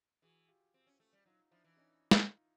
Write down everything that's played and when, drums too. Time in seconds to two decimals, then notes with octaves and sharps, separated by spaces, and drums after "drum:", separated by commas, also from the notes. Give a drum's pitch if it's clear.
0.22 E3 F#4 G#4
0.48 F4 G4
0.74 C4
0.87 C#4
1.00 A3
1.13 G3
1.26 F#3 D#4 F4
1.51 F3 D4 E4
1.64 E3
1.77 C#4 D#4
2.11 drum: snare
2.29 D#4 F4